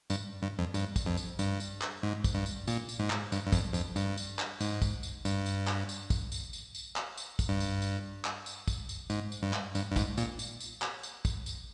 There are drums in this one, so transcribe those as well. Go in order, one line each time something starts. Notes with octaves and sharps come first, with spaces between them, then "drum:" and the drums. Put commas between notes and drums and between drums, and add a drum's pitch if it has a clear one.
G2, drum: tambourine
G2
F2
G2, drum: tambourine
drum: kick, tambourine
F2
drum: tambourine
G2, drum: tambourine
drum: tambourine
drum: clap
G#2
drum: kick, tambourine
G2
drum: tambourine
A#2, drum: tambourine
drum: tambourine
G#2
drum: clap
G2, drum: tambourine
G2
F2, drum: kick, tambourine
F2, drum: tambourine
G2, drum: tambourine
drum: tambourine
drum: clap
G#2, drum: tambourine
drum: kick, tambourine
drum: tambourine
G2, drum: tambourine
drum: tambourine
drum: clap
drum: tambourine
drum: kick, tambourine
drum: tambourine
drum: tambourine
drum: tambourine
drum: clap
drum: tambourine
drum: kick, tambourine
G2
drum: tambourine
drum: tambourine
drum: clap
drum: tambourine
drum: kick, tambourine
drum: tambourine
G#2, drum: tambourine
drum: tambourine
G2
drum: clap
G2, drum: tambourine
G2
G#2, drum: kick, tambourine
A#2, drum: tambourine
drum: tambourine
drum: tambourine
drum: clap
drum: tambourine
drum: kick, tambourine
drum: tambourine